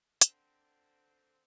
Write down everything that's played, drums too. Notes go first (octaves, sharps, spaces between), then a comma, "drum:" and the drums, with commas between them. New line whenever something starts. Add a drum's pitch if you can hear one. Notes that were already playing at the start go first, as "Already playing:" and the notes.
D3 C4, drum: hi-hat